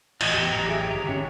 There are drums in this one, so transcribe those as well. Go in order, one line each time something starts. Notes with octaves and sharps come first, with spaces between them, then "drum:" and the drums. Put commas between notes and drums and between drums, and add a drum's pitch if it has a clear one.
A1 F4 F#4 A4 D#5, drum: cymbal
E2 G4
A1 F#2 A#5
G4 G#4 C#5 E5 D6
G1 D#3 A#5
C#4 F#4 G4 E5 F#5